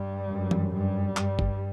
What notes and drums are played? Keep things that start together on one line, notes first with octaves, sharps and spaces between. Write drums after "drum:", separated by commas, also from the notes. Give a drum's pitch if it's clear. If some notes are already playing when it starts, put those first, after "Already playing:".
Already playing: G2 G3
F#2
drum: tom E3
G2 G3
G2, drum: clap
drum: kick